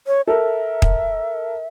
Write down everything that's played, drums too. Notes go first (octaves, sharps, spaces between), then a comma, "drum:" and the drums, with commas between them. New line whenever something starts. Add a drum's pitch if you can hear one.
C#5
A4 A#4 E5
drum: kick